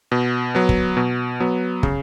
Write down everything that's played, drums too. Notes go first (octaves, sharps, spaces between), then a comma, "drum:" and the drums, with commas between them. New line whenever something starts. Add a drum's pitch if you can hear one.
B2
F#3 B3
drum: kick
B2
F#3 B3
C#3, drum: kick